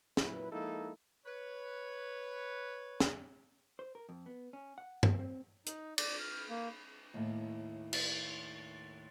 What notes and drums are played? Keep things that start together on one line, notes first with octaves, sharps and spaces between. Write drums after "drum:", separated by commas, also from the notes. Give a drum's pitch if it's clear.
A#2 F#3 E4 B4, drum: snare
F3 G#3 A#3 D#4 E4 A4
B4 C#5
drum: snare
C5
A#4
F2
B3
C#4
F#5
B3, drum: tom G2
C4
D#4, drum: hi-hat
D5, drum: cymbal
F6
A#3
D#2 A2
drum: cymbal